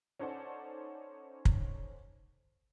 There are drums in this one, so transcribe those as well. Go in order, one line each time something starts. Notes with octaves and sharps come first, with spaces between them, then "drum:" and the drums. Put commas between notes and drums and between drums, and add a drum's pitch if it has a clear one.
C#4 D#4 A4 C5 D5 F#5
drum: kick